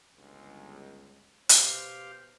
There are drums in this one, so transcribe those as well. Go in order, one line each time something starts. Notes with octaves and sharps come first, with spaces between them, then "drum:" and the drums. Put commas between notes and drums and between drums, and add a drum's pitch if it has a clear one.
G1 C#2
B2 G4 B4 C5 F5, drum: hi-hat